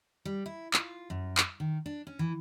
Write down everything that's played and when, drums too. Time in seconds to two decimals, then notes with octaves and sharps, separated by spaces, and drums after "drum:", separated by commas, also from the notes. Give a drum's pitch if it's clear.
0.25 G3
0.46 E4
0.74 F4, drum: clap
1.10 F#2
1.37 drum: clap
1.60 D#3
1.86 D4
2.07 C#4
2.19 E3